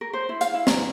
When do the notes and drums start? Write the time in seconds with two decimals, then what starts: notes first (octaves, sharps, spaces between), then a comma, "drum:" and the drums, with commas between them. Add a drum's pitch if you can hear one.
0.01 A#4
0.13 C5
0.29 E4
0.41 F5, drum: hi-hat
0.54 E4
0.67 A#5, drum: snare